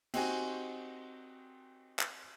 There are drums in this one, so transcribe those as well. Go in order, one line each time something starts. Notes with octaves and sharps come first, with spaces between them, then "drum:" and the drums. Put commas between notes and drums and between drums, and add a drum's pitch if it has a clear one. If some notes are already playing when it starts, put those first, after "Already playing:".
C4 D#4 F#4 G4 G#5, drum: cymbal
drum: clap